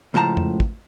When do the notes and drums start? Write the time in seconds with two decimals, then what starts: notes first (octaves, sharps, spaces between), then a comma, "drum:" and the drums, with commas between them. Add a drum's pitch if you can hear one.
0.14 C#2 A2 F3 A5 A#5
0.37 drum: tom F2
0.60 drum: kick